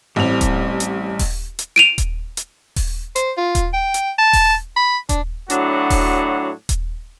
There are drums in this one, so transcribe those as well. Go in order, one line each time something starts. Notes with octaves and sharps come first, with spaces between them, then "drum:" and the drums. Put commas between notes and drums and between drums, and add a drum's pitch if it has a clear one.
A1 A2 G3 C4 F7
drum: kick D#1, hi-hat
drum: hi-hat
drum: kick D#1, open hi-hat
drum: hi-hat
D7 D#7 F7
drum: kick D#1, hi-hat
drum: hi-hat
drum: kick D#1, open hi-hat
C5, drum: hi-hat
F4
drum: kick D#1, hi-hat
G5
drum: hi-hat
A5
drum: kick D#1, open hi-hat
B5
D4, drum: kick D#1, hi-hat
A2 F#3 D4 F#4, drum: hi-hat
drum: kick D#1, open hi-hat
drum: kick D#1, hi-hat